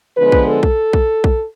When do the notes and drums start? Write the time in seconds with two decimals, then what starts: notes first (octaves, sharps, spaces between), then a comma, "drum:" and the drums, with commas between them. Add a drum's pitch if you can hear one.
0.17 D3 F3 G#3 B3 B4
0.32 drum: kick
0.47 A4
0.63 drum: kick
0.93 drum: kick
1.24 drum: kick